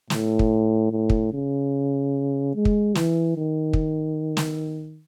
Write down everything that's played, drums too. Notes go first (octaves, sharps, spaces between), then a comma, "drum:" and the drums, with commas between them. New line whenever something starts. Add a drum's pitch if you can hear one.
A2, drum: snare
drum: kick
A2
drum: kick
C#3
G#3
drum: kick
E3, drum: snare
D#3
drum: kick
drum: snare